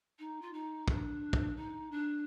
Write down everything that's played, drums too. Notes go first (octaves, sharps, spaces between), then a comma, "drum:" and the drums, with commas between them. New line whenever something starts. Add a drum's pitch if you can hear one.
D#4
F4
D#4
D4, drum: kick
drum: kick
D#4
D4